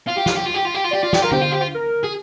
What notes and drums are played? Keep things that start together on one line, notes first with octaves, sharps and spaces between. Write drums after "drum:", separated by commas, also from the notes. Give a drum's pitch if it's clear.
F4 F5
G4
F4, drum: snare
G4
F4
G4
F4
G4
F4
G4 D5
F4
G4, drum: snare
F4 A#4
G4 C5, drum: tom D3
F4
G4
F4
A#4
G#4